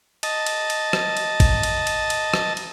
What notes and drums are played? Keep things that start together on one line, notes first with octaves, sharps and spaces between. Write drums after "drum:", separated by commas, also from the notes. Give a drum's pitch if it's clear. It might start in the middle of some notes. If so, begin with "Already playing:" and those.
D#5 A5, drum: cymbal
drum: cymbal
drum: cymbal
drum: rim click
drum: cymbal
drum: kick A1, cymbal
drum: cymbal
drum: cymbal
drum: cymbal
drum: rim click
drum: cymbal